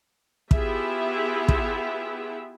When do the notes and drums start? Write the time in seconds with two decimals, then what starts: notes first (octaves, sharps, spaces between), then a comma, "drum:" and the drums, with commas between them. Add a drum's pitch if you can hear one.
0.51 B3 E4 F4 G4 G#4 E5, drum: kick
1.48 drum: kick